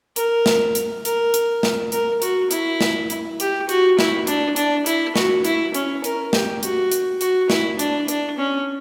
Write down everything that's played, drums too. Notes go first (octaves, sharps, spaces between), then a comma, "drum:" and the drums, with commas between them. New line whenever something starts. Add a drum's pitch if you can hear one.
A#4, drum: hi-hat
drum: snare
drum: hi-hat
A#4, drum: hi-hat
drum: hi-hat
drum: snare
A#4, drum: hi-hat
F#4, drum: hi-hat
E4, drum: hi-hat
drum: snare
drum: hi-hat
G4, drum: hi-hat
F#4, drum: hi-hat
E4, drum: snare
D4, drum: hi-hat
D4, drum: hi-hat
E4, drum: hi-hat
F#4, drum: snare
E4, drum: hi-hat
C#4, drum: hi-hat
A#4, drum: hi-hat
G4, drum: snare
F#4, drum: hi-hat
drum: hi-hat
F#4, drum: hi-hat
E4, drum: snare
D4, drum: hi-hat
D4, drum: hi-hat
C#4